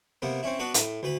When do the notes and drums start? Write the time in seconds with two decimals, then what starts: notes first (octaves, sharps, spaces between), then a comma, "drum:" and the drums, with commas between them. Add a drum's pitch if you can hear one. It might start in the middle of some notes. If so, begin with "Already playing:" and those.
0.22 C3 A#3 B3
0.43 C4 C#4 E4
0.59 B3 D4 F#4 B4
0.74 A2, drum: hi-hat
1.03 D2 B4 B5